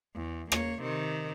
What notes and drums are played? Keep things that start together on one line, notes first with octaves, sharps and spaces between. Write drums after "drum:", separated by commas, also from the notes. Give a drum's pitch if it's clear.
E2
A#3 C#5, drum: rim click
C3 D#3